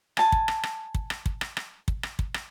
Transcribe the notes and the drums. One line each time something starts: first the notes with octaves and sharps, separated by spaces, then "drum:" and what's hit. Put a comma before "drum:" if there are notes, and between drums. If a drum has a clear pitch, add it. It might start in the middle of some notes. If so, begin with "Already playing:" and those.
G#5 A5, drum: rim click
drum: kick
drum: rim click
drum: rim click
drum: kick
drum: rim click
drum: kick
drum: rim click
drum: rim click
drum: kick
drum: rim click
drum: kick
drum: rim click